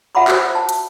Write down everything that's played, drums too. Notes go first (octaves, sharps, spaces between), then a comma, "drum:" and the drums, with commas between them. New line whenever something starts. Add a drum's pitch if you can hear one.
F4 E5 F#5 A#5 B5 D6
F#4 C5, drum: clap E6
A5
drum: hi-hat